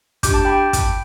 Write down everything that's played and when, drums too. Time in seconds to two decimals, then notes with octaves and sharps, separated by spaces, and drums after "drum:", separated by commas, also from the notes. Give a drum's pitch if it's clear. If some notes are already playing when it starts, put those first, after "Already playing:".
0.23 A3 D4 G4 D6 G6, drum: kick, hi-hat
0.34 A5 D6
0.45 G5 B5
0.73 drum: kick, hi-hat